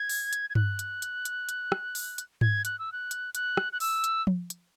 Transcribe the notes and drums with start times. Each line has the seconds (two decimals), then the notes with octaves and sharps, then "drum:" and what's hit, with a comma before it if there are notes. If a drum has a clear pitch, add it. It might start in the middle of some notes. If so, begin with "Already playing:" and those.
Already playing: G#6
0.09 drum: open hi-hat
0.33 drum: hi-hat
0.50 G#6
0.55 F#6, drum: tom G2
0.79 drum: hi-hat
1.02 drum: hi-hat
1.25 drum: hi-hat
1.49 drum: hi-hat
1.72 drum: rim click
1.95 drum: open hi-hat
2.18 drum: hi-hat
2.41 G#6, drum: tom G#2
2.65 F#6, drum: hi-hat
2.79 E6
2.92 F#6
3.11 drum: hi-hat
3.35 F#6, drum: hi-hat
3.57 drum: rim click
3.72 F#6
3.80 E6, drum: open hi-hat
4.04 drum: hi-hat
4.27 drum: tom F3
4.50 drum: hi-hat